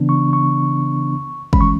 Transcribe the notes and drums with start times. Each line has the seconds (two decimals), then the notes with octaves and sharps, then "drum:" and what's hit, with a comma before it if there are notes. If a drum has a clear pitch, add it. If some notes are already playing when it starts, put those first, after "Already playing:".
Already playing: C#3 E3 B3 D4
0.09 C#6
0.33 C#6
1.53 E3 G#3 C#4 B5, drum: kick
1.61 C#6